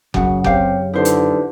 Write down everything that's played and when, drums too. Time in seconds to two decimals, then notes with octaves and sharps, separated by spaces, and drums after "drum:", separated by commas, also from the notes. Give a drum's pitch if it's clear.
0.14 F#2 C#3 F#4 F#5, drum: kick F#1
0.44 C4 G4 C#5 F5, drum: kick F#1
0.94 D3 D#4 E4 G4 B4 C5
1.05 drum: hi-hat